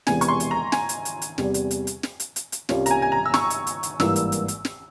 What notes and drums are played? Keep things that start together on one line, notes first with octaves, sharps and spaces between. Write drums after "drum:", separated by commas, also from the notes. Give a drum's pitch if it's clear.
E1 E2 C3 E3 G#5, drum: snare
C#6, drum: hi-hat
C6
drum: hi-hat
A#5
G#5, drum: snare
drum: hi-hat
drum: hi-hat
drum: hi-hat
E2 C3 G3, drum: snare
drum: hi-hat
drum: hi-hat
drum: hi-hat
drum: snare
drum: hi-hat
drum: hi-hat
drum: hi-hat
C2 C3 G3 C#4 F4, drum: snare
A#5, drum: hi-hat
G#5
G#5
A#5
E6
C#6, drum: snare
drum: hi-hat
drum: hi-hat
drum: hi-hat
G#1 G2 E3 A#3 E4 E6, drum: snare
drum: hi-hat
drum: hi-hat
drum: hi-hat
drum: snare